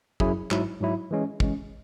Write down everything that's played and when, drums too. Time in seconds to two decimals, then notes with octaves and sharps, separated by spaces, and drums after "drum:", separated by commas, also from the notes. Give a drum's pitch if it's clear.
0.20 F#2 F#3 E4 G#4, drum: kick
0.51 G#2 F#3 E4, drum: clap
0.80 G#2 F#3 E4
1.11 E3 G#3 C#4
1.40 E3 G#3 C#4, drum: kick